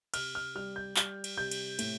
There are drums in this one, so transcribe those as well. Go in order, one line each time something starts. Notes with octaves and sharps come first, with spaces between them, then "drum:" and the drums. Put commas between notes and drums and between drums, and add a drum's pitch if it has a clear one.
C3 F6, drum: cymbal
F6
G3 F6
G6
G3 F6, drum: clap
drum: cymbal
C3 G6
drum: cymbal
A2, drum: cymbal